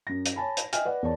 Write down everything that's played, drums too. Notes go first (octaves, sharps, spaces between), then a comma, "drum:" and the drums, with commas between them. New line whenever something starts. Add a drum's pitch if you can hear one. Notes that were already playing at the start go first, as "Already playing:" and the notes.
F#2 A#6
drum: hi-hat
C#5 G#5 A5 B5
drum: hi-hat
D#5 E5 G5 G#5 F6, drum: hi-hat
B4 D5 F#5
E2 A#4 C#5 D5 A5